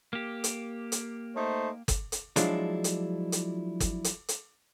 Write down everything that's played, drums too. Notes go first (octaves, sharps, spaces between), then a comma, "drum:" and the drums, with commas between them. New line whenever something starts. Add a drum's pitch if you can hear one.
A#3 G4
drum: hi-hat
drum: hi-hat
A3 D#4 C5
drum: kick, hi-hat
drum: hi-hat
F3 F#3 G#3 D4 E4 F4, drum: hi-hat
drum: hi-hat
drum: hi-hat
drum: kick, hi-hat
drum: hi-hat
drum: hi-hat